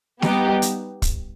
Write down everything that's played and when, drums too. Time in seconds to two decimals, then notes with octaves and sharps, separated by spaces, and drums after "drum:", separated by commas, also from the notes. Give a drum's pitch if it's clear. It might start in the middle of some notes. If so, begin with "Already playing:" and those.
0.22 G3 B3 D#4 G4, drum: snare
0.62 drum: hi-hat
1.02 drum: kick, hi-hat